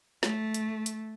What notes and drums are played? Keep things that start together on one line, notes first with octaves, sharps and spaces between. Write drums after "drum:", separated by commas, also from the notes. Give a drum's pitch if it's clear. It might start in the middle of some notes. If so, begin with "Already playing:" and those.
A3, drum: snare
drum: hi-hat
drum: hi-hat